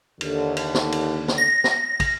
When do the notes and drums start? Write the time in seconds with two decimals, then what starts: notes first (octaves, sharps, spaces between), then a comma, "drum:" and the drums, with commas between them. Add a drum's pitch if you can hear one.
0.21 D#2 D3, drum: cymbal
0.57 drum: cymbal
0.75 drum: snare
0.92 drum: cymbal
1.28 drum: snare
1.38 A#6
1.64 drum: snare
2.00 drum: kick, cymbal